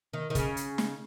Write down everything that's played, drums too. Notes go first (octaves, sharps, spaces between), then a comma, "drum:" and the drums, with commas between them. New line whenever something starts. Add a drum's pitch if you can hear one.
D#3
D#3
C#3, drum: kick, hi-hat
drum: hi-hat
drum: snare